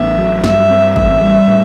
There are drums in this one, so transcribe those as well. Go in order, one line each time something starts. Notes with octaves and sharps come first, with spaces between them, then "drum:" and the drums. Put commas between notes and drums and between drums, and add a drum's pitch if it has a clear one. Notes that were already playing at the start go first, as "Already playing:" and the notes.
Already playing: A1 B3 E5
F#3
G2 E5, drum: snare
C4
A1 E5, drum: kick
G3
A2